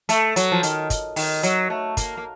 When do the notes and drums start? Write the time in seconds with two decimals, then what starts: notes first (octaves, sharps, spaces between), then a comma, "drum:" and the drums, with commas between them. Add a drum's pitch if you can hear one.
0.09 A3, drum: hi-hat
0.36 F#3, drum: hi-hat
0.52 F3
0.63 D#3, drum: hi-hat
0.90 drum: kick, hi-hat
1.16 D#3, drum: open hi-hat
1.43 F#3, drum: hi-hat
1.70 A3
1.97 A#3, drum: kick, hi-hat
2.17 A#3